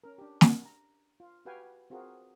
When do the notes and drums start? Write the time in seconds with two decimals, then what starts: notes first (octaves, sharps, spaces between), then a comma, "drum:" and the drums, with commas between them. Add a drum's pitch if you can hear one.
0.04 C#4 A#4
0.18 D4 G4
0.41 drum: snare
0.65 A#5
1.20 F4
1.45 F#4 G4 B4 F5 G5 G#5
1.90 C4 F4 F#4 G#4 A#4